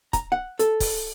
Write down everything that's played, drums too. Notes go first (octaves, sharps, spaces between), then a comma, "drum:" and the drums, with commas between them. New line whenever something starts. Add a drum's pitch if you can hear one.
A#5, drum: kick, hi-hat
F#5
A4, drum: hi-hat
drum: kick, open hi-hat